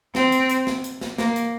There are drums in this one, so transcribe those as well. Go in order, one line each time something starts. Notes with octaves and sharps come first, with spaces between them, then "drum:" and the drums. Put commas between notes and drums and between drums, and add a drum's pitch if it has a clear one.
C4, drum: snare
drum: hi-hat
drum: hi-hat
drum: snare
drum: hi-hat
drum: snare
A#3, drum: snare
drum: hi-hat